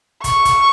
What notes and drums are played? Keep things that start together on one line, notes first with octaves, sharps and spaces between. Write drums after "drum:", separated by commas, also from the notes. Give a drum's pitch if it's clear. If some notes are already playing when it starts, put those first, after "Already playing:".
C#6, drum: kick, hi-hat
drum: kick, hi-hat